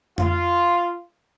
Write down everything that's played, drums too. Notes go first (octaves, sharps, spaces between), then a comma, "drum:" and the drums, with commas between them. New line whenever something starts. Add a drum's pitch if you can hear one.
F4, drum: tom F2